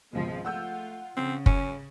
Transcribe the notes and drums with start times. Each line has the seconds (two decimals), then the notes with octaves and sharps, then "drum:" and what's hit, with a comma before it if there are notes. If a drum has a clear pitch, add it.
0.13 G#1 C#2 B2 F3 G#3
0.45 A3 F4 F#5 E6 G6
1.16 C#3 C4
1.46 C#4, drum: kick